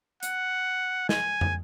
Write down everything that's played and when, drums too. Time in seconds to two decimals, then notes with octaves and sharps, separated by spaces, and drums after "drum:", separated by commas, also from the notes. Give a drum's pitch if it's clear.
0.23 F#5, drum: hi-hat
1.09 G#5, drum: snare
1.41 drum: tom